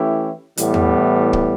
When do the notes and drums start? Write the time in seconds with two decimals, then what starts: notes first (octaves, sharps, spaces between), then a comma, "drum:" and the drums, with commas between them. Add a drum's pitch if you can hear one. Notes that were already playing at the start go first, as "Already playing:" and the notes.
Already playing: E3 A3 C#4 E4 G4
0.57 A2 E3 G3 B3, drum: hi-hat
0.74 drum: tom E2
1.33 drum: kick